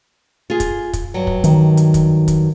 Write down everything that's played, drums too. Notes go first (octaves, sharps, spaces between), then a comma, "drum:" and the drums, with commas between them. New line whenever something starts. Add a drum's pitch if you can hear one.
F4 G#4
drum: kick, hi-hat
drum: kick, hi-hat
G2 F#3
drum: kick
D#3, drum: hi-hat
drum: hi-hat
drum: kick, hi-hat
drum: kick, hi-hat